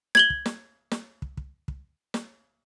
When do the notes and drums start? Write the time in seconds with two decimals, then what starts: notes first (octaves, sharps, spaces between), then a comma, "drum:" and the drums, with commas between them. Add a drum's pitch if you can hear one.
0.15 G#6 F#7 G7, drum: snare
0.30 drum: kick
0.46 drum: snare
0.91 drum: snare
1.22 drum: kick
1.37 drum: kick
1.68 drum: kick
2.14 drum: snare